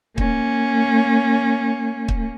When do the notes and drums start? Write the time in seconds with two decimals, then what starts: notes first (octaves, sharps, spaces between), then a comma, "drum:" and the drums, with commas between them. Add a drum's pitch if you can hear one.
0.18 A#3 C#4, drum: kick
2.08 drum: kick